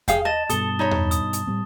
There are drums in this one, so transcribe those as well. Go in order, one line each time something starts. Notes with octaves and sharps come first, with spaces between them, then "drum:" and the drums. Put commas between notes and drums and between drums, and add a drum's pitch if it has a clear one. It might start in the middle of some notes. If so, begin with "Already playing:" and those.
G#4 F5 G5, drum: kick E2, hi-hat
D#5 A5 A6 E7
G2 B2 A4 D#6 G7, drum: hi-hat
D#4 C#5 B5
drum: tom E2
D#6, drum: hi-hat
drum: hi-hat
A2 G3 C4